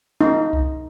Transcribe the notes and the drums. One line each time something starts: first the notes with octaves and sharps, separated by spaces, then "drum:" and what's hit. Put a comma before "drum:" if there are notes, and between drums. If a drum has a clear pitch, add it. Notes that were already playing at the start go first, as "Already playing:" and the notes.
D#4
drum: kick C2